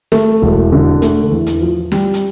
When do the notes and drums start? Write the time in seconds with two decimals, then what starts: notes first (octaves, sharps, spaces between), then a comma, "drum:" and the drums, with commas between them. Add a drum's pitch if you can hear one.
0.12 A3, drum: snare
0.42 E1
0.72 D3
1.02 A3, drum: hi-hat
1.31 E2
1.47 drum: hi-hat
1.61 F3
1.92 G3, drum: snare
2.14 drum: hi-hat